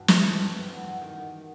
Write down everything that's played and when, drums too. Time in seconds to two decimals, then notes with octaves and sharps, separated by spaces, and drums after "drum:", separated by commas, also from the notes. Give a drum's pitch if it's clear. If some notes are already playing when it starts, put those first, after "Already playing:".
Already playing: E2 G2 B2
0.08 E3, drum: snare
0.23 E3 A4
0.39 G2
0.55 G2
0.70 E2 F#4
0.85 E2
1.01 D#3
1.17 D#3